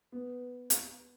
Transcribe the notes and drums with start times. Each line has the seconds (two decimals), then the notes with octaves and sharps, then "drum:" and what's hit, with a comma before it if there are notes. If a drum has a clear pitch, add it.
0.12 B3
0.70 drum: hi-hat